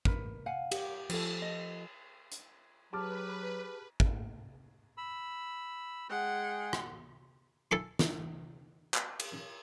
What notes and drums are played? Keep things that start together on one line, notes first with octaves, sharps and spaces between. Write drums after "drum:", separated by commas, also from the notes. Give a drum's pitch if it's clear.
A#4 B4, drum: kick
F5 F#5 G#5
G4, drum: cymbal
F3 A4, drum: cymbal
D#5
drum: hi-hat
F#3 G4 G#4 B4 A5 D6 F6
drum: kick
B5 E6
G#3 G#4 F#5 G5
drum: rim click
A4 G#5 C6
drum: snare
drum: clap
drum: cymbal